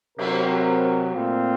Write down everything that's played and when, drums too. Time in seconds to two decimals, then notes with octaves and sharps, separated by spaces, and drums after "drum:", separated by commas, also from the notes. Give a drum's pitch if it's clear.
0.18 C3 F#3 C4 A#4, drum: cymbal
1.13 A#2 A3 C4 F4